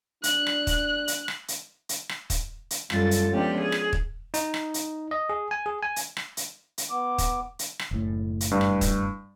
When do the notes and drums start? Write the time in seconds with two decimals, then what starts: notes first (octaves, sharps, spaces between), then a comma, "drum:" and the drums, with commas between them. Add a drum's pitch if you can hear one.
0.24 D4 F#6, drum: hi-hat
0.47 drum: rim click
0.67 drum: kick, hi-hat
1.08 drum: hi-hat
1.28 drum: rim click
1.48 drum: hi-hat
1.89 drum: hi-hat
2.09 drum: rim click
2.30 drum: kick, hi-hat
2.70 drum: hi-hat
2.90 F#2 G3 F4 A4 A6, drum: rim click
3.11 drum: hi-hat
3.32 F3 G#3 B3 C#4 D4 G4
3.61 G#4
3.72 drum: rim click
3.93 drum: kick
4.34 D#4, drum: hi-hat
4.54 drum: rim click
4.74 drum: hi-hat
5.11 D#5
5.30 G#4
5.51 G#5
5.66 G#4
5.83 G#5
5.96 drum: hi-hat
6.17 drum: rim click
6.37 drum: hi-hat
6.78 drum: hi-hat
6.90 B3 D6
7.18 drum: kick, hi-hat
7.59 drum: hi-hat
7.79 drum: rim click
7.91 F#1 A2
8.41 drum: hi-hat
8.51 G2
8.61 drum: rim click
8.81 drum: kick, hi-hat